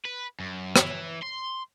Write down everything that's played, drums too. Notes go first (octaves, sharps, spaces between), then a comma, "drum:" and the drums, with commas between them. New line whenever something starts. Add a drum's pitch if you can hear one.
B4
F#2
E3, drum: rim click
C6